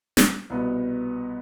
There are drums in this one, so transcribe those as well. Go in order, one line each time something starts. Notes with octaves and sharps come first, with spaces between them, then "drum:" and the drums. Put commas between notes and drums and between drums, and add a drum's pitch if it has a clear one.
drum: snare
C2 B2 B3